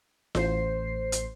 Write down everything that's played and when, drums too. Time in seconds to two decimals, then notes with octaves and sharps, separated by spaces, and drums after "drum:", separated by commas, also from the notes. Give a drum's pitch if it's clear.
0.35 A1 C5 C7, drum: snare F4
1.12 drum: hi-hat